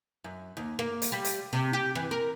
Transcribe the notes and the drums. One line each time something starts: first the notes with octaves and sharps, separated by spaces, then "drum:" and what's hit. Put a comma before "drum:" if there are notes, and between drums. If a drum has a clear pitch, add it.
F#2
D#2
A#3, drum: rim click
drum: hi-hat
G3
drum: hi-hat
C3
G4
E3, drum: rim click
A#4